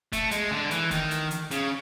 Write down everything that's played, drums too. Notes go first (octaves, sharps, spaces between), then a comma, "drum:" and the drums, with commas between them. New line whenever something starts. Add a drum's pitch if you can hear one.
A3, drum: kick F1, hi-hat
G#3, drum: hi-hat
D3
E3, drum: hi-hat
D#3, drum: kick F1, hi-hat
drum: hi-hat
drum: hi-hat
C#3, drum: hi-hat